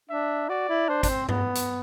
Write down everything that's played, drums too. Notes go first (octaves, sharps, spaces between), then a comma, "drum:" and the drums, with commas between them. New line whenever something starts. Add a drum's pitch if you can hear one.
D4 E5
F#4 D5
E4
D4 C5
D4, drum: kick, hi-hat
C4
B3, drum: tom G2
drum: hi-hat